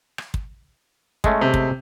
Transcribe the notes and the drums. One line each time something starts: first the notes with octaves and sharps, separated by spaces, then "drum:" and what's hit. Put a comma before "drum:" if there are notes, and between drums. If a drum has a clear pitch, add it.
drum: rim click
drum: kick
G#3 A3 C#4, drum: kick
C3
drum: kick